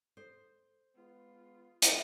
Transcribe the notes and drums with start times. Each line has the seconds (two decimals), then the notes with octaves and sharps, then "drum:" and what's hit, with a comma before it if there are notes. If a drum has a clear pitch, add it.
0.17 A4 C5
0.96 G#3 B3 F4
1.82 drum: hi-hat